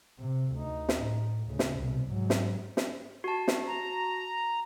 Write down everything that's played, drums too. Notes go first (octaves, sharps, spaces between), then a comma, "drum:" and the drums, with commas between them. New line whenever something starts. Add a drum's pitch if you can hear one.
C3
D2 D#4
drum: snare
A2
D2 C#3
drum: snare
C2 B2
G#2 F#3
drum: snare
drum: snare
F#4 A5
drum: snare
A#5